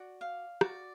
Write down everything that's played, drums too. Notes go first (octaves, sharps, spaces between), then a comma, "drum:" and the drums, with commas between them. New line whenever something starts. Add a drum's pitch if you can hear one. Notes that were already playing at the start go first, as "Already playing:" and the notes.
Already playing: F#4 D5
F5
F#4 D5, drum: rim click